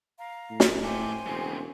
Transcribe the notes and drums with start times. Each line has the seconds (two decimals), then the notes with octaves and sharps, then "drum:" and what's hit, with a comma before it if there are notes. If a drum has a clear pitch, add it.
0.18 F5 A#5
0.50 A2
0.60 drum: snare
0.84 A3 G4 C5 G5 G#5
1.27 E1 C#3 C4